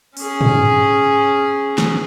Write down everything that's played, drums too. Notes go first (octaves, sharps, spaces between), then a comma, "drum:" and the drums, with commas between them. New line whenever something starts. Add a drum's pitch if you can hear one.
C#4 G#4, drum: open hi-hat
drum: tom
drum: snare